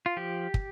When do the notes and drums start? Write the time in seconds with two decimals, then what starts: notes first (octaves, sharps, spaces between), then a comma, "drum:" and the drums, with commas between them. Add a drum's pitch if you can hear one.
0.06 F4
0.17 F3 G4
0.54 drum: kick